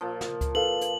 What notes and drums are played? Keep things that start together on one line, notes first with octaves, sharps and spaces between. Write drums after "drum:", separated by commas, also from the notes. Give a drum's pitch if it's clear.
A#2 F3
drum: snare
drum: kick C#2, hi-hat
A4 B4 F5 F#7
drum: hi-hat